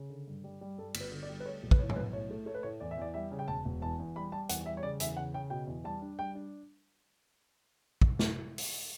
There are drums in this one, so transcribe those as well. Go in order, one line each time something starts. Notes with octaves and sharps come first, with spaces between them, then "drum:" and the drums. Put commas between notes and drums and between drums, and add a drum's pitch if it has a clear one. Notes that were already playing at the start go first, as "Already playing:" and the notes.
Already playing: C#3
D3
G2
G3
G3
G2 A4
G1, drum: cymbal
B4
D3
D5
G3
B4
A3 C#5
B1
B4, drum: kick
E3 C#5
C#5, drum: tom
B1 B4
A2 C#5
A3
A3 C#5
B4
A2 C#5
E2 D5
E5
E2 D5
G3 E5
C#3
G5
E1 A5
E1
E2 A5
E2
G3 B5
G3 A5
E2 F#5, drum: hi-hat
G3 E5
C#5
C#3 D5
E2 E5, drum: hi-hat
C#3 F#5
C#3 G5
B2 G5
E2
G3 A5
D4
G3 G5
D4
drum: kick
drum: snare
drum: open hi-hat